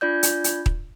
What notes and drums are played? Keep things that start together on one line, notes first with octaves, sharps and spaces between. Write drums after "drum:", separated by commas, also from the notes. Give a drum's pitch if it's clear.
D4 F4 D5 G6
drum: hi-hat
drum: hi-hat
drum: kick D#1